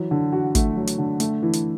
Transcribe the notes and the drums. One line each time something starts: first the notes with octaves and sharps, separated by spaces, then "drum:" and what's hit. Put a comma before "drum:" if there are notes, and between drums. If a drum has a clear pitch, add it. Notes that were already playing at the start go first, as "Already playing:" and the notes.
Already playing: E3 F#3
D3
F#4
A3, drum: kick, hi-hat
F#3
drum: hi-hat
D3
A3, drum: hi-hat
E3
drum: hi-hat